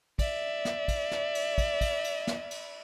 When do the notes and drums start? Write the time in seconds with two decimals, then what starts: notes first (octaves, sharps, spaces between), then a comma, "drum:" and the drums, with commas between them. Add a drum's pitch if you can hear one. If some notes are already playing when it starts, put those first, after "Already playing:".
0.19 D5 E5, drum: kick, cymbal
0.65 drum: snare
0.88 drum: kick, cymbal
1.11 drum: snare
1.35 drum: cymbal
1.58 drum: kick, cymbal
1.81 drum: kick, cymbal
2.04 drum: cymbal
2.27 drum: snare
2.51 drum: cymbal